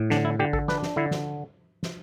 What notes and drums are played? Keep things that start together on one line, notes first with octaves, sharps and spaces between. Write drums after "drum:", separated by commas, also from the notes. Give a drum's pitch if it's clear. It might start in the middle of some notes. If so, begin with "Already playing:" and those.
Already playing: A2
D3 D4, drum: snare
E4
D3 G4
A4, drum: kick A1
D4 B4, drum: snare
drum: snare
D3 E4
drum: snare
drum: snare